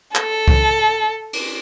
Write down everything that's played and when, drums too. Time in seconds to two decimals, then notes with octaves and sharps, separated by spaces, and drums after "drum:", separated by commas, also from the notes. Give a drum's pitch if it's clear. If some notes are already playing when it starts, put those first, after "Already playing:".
0.15 A4, drum: clap
0.48 drum: kick C2
1.33 drum: cymbal